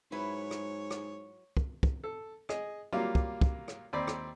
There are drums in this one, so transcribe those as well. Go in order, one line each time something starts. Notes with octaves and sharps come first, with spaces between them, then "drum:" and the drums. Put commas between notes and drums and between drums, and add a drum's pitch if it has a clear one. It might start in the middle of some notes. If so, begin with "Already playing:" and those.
G#2 F#3 E4 B4 C#5
drum: rim click
drum: rim click
drum: kick
drum: kick
A4
G#4 D#5, drum: rim click
F#3 G3 A#3 F4
drum: kick
drum: kick
drum: rim click
D#2 C4 D5 B5
drum: rim click